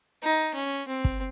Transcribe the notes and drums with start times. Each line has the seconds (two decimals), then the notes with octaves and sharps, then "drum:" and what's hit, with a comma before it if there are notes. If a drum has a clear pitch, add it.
0.23 D#4
0.55 C#4
0.87 C4
1.05 drum: kick